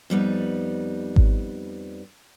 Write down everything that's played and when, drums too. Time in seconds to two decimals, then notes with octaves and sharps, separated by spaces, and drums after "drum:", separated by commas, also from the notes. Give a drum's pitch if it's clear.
0.10 F2 G3 B3 D#4
1.16 drum: kick G#1